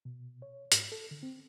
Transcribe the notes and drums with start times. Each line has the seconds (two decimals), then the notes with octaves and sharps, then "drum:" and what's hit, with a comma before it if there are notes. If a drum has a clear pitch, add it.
0.05 B2
0.42 C#5
0.72 G#2, drum: hi-hat
0.92 A4
1.11 D3
1.23 C4